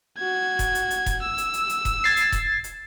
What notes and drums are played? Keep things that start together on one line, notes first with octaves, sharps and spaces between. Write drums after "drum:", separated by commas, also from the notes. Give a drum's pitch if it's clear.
F#4 G#6
drum: kick E1, hi-hat
drum: hi-hat
drum: hi-hat
drum: kick E1, hi-hat
E6
drum: hi-hat
drum: hi-hat
drum: hi-hat
drum: kick E1, hi-hat
G#6 A6 C7
drum: hi-hat
drum: kick E1, hi-hat
drum: hi-hat